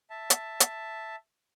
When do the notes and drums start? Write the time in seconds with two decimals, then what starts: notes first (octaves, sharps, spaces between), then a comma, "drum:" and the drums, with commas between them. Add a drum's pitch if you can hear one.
0.10 E5 A5
0.30 drum: hi-hat
0.60 drum: hi-hat